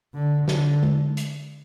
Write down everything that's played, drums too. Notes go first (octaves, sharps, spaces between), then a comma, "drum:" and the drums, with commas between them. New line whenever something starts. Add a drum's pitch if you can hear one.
D3
D3, drum: snare
drum: tom G#3
drum: hi-hat